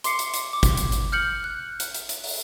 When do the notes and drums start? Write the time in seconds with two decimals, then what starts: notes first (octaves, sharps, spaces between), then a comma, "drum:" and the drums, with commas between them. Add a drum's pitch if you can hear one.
0.04 C6 D6 C7 C#7, drum: hi-hat
0.19 drum: hi-hat
0.34 drum: hi-hat
0.53 D6
0.63 drum: kick G1, hi-hat
0.77 drum: hi-hat
0.92 drum: hi-hat
1.12 F6 G6 C#7 F#7
1.44 F#6
1.80 drum: hi-hat
1.95 drum: hi-hat
2.09 drum: hi-hat
2.24 drum: open hi-hat